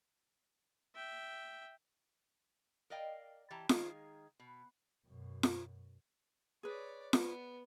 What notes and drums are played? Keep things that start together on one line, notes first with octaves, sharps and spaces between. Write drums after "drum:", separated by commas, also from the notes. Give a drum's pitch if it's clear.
E5 G5
A#4 D5 D#5 F5 G5
E3 G4 A5 A#5
D#3 G#3 D#4 G#4 F5, drum: snare F4
B2
F#2 B2
drum: snare F4
G#4 B4 C#5 D5
B3, drum: snare F4